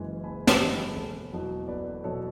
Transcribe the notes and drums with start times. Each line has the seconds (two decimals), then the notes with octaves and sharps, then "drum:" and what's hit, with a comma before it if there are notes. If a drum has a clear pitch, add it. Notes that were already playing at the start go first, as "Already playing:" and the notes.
Already playing: F#1 F#2 E3 G#3 G#5
0.24 F#1 G#5 B5
0.47 F#5 A5, drum: snare
0.60 F#2 E3 G#3
0.73 G#5 B5
0.95 E1 A4 C#5
1.32 E2 B2 F#3
1.67 E1 B4 D5
2.04 B2 F#3 A4 C#5